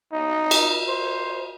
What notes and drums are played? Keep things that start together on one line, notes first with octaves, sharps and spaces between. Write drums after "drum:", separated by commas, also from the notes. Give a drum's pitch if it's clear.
D#4
drum: cymbal
C5